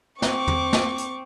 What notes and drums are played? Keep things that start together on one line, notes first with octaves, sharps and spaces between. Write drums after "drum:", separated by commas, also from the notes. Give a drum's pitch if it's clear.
C4 C#6 D6, drum: snare
drum: tom
drum: snare
drum: hi-hat